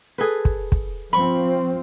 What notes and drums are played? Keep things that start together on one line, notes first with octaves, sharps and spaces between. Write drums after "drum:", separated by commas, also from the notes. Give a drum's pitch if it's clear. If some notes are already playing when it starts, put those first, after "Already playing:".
G#4 A4 B4
drum: kick
drum: kick
F3 C4 B5 C#6